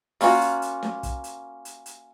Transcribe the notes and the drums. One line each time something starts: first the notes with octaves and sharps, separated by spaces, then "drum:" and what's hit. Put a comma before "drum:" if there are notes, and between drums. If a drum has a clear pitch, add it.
A#3 C#4 F4 F#4, drum: open hi-hat
drum: hi-hat
drum: hi-hat
drum: snare
drum: kick, hi-hat
drum: hi-hat
drum: hi-hat
drum: hi-hat